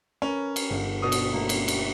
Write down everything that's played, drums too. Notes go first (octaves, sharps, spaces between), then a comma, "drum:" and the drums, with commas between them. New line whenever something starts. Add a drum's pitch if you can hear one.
C#4 A#4 B4 C#5
drum: cymbal
G1
B2 C#5 D5 D#6
drum: cymbal
A3 A#3 E4
drum: cymbal
drum: cymbal